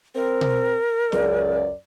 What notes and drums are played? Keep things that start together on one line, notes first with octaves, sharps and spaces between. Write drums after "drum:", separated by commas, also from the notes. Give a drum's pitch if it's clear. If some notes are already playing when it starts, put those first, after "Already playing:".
C4 A#4
drum: tom B2
C#2 F#2 D5, drum: snare